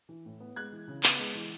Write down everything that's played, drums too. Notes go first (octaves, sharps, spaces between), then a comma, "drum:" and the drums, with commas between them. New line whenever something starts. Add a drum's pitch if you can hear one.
E3
A2
B3
G#3 F#6 G#6
E3
C#3
B3, drum: clap
G#3
E3